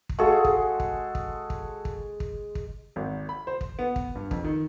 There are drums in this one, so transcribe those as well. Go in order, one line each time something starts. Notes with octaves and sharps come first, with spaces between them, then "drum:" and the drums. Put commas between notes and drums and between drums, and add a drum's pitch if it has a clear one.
drum: kick
G#3 F#4 G#4 A4 F5
drum: kick
drum: kick
drum: kick
drum: kick
drum: kick
drum: kick
drum: kick
G#1
B5
C5
drum: kick
B3
drum: kick
G2
F2, drum: kick
D#3